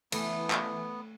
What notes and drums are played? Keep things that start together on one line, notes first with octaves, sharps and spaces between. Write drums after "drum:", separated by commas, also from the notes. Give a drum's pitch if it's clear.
E3 A3 B3, drum: cymbal
drum: clap